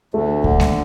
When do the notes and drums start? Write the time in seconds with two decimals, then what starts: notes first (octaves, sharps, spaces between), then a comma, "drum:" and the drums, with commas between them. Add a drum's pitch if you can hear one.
0.14 D2 A3
0.44 D3, drum: kick C#2
0.60 drum: snare G#3